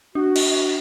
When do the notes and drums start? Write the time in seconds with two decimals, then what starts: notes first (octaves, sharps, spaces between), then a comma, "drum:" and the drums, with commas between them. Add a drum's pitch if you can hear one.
0.15 D4 F#4
0.36 drum: cymbal